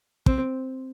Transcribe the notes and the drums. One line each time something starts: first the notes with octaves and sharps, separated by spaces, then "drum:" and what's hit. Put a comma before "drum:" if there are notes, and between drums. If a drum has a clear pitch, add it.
C4, drum: kick